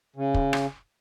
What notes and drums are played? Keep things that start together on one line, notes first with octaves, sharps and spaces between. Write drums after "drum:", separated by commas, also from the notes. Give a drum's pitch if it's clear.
C#3
drum: kick
drum: rim click